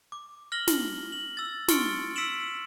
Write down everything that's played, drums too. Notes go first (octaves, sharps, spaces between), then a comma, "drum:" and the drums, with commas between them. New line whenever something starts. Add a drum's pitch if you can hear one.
D6
F6 A#6 F#7 G7
drum: snare
F#7
E6 A6
C6 C#6 F6 A6 C#7 D7, drum: snare
E6 B6 C#7 D7 E7 F#7